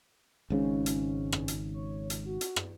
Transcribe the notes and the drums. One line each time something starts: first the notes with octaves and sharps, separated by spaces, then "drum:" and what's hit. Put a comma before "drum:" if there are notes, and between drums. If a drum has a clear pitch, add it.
G#1 G#2 C#3 C#4
drum: hi-hat
drum: rim click
drum: hi-hat
C#5
drum: hi-hat
F#4
drum: hi-hat
drum: rim click